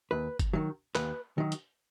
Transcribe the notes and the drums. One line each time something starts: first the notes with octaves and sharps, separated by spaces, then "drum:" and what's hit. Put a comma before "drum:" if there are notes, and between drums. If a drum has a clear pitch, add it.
D#2 B4
drum: kick F#1, hi-hat
D#3 F#3
D#2 B4, drum: clap
D#3 F#3
drum: hi-hat